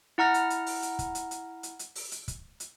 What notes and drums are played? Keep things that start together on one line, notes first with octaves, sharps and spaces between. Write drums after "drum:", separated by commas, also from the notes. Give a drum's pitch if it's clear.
E4 F#5 A#5 F6 A#6
drum: hi-hat
drum: hi-hat
drum: open hi-hat
drum: hi-hat
drum: kick, hi-hat
drum: hi-hat
drum: hi-hat
drum: hi-hat
drum: hi-hat
drum: open hi-hat
drum: hi-hat
drum: kick, hi-hat
drum: hi-hat